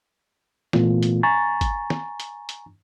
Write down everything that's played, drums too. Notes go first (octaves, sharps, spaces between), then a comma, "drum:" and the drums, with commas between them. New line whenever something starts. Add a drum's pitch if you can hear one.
A#2 E3 A3 B3 F4, drum: snare
drum: hi-hat
G#5 A#5 C#6 A6
drum: kick, hi-hat
drum: snare
drum: hi-hat
drum: hi-hat